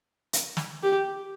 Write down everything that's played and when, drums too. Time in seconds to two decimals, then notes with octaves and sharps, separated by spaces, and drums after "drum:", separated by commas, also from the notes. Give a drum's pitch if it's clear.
0.33 drum: hi-hat
0.57 drum: snare
0.83 G4